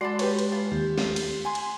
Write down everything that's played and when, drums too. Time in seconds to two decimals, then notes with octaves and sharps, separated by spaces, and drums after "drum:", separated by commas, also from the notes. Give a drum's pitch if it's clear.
0.01 G#3 F#4 A4 D5 B5 C6
0.19 G4 B4 C#5, drum: cymbal
0.39 drum: cymbal
0.52 F4
0.72 D#2 G4
0.98 F4, drum: snare
1.16 drum: cymbal
1.45 G#5 C6
1.55 drum: cymbal